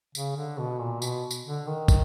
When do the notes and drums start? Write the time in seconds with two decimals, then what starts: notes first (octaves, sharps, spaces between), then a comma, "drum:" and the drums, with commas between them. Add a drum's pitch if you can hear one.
0.15 C#3, drum: tambourine
0.36 D3
0.58 B2
0.80 A#2
1.02 B2, drum: tambourine
1.31 drum: tambourine
1.45 D3
1.67 D#3
1.88 drum: kick, tambourine